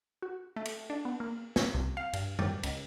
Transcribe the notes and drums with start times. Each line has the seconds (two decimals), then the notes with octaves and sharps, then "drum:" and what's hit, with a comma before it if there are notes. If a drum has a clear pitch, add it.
0.22 F#4
0.56 A3
0.65 drum: cymbal
0.90 D4
1.05 B3
1.20 A#3
1.56 C#4, drum: snare
1.74 C2
1.97 F5
2.13 G2, drum: cymbal
2.39 G3, drum: tom F#2
2.63 C#2, drum: cymbal